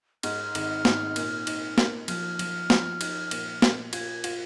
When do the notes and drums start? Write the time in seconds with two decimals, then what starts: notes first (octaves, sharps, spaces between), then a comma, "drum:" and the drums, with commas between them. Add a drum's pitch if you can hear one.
0.23 G#2 F6, drum: cymbal
0.55 G#1, drum: cymbal
0.85 G#1, drum: snare
1.16 A#2, drum: cymbal
1.47 D#4, drum: cymbal
1.78 A#3, drum: snare
2.08 F3 F6, drum: cymbal
2.39 F3, drum: cymbal
2.70 F3, drum: snare
3.01 D#4, drum: cymbal
3.31 A#2, drum: cymbal
3.62 A#2, drum: snare
3.93 F4 G#6, drum: cymbal
4.24 F4, drum: cymbal